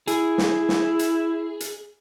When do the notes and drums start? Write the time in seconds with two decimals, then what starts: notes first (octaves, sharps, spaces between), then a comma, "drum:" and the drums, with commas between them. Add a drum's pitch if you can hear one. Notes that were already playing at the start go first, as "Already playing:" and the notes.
0.07 E4 G#4, drum: hi-hat
0.38 drum: snare
0.69 drum: snare
0.99 drum: hi-hat
1.60 drum: hi-hat